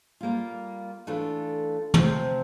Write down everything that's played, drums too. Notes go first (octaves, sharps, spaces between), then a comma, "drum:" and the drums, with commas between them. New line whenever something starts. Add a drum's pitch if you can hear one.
G3 A#3 F4
E3 A3 D4 F4 A4
C3 F3 C4, drum: tom